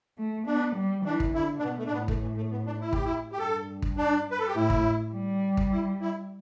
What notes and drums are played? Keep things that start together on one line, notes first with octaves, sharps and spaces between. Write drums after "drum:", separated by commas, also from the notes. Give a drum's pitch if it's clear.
A3
B3 D4
G3
E3 D4
drum: kick
D3 E4
D4
B2 B3
A3
D4
A2 B3
A3, drum: kick
E3
A3
B3
D4
E4
G4, drum: kick
E4
G4
G2 A4
drum: kick
D4
B4
A4
G4
A2 E4
drum: kick
G3
drum: kick
E4
E4